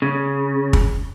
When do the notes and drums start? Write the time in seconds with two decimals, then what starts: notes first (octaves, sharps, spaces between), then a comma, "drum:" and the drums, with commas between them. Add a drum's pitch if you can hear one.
0.02 C#3
0.73 drum: kick